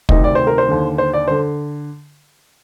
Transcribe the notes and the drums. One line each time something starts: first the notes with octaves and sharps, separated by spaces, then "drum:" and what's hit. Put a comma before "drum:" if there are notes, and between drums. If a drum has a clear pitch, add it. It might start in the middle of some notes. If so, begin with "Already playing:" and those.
D2 C3 D#3 D#4, drum: kick
D5
C5
A#4
C5
D#2 D3
C5
D5
D3 C5